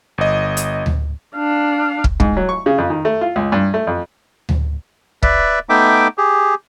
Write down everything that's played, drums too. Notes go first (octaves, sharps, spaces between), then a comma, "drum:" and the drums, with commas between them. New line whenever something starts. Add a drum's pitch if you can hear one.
G1 D#5
drum: hi-hat
drum: tom D2
D4 F5
drum: kick
G#2, drum: kick
F#3
C#6
C#3
F2
D#3
A3
F4
C#2
G2
A3
F2
drum: tom D2
B4 D5 E5, drum: kick
A3 B3 D#4 E5 G5 D6
G4 G#4